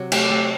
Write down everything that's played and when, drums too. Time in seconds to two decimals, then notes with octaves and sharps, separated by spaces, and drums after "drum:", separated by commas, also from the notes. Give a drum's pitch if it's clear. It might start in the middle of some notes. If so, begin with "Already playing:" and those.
Already playing: C3 F#3
0.12 A3 G4, drum: cymbal
0.30 A3 A4